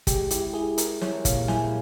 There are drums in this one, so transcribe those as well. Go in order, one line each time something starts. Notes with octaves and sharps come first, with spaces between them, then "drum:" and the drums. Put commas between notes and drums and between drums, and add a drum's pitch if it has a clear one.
G#3 G4, drum: kick, hi-hat
E4 G4, drum: hi-hat
E4 G#4
E4 A#4, drum: hi-hat
E4 C#5, drum: snare
A#2 F5, drum: kick, hi-hat
E4 G#5, drum: snare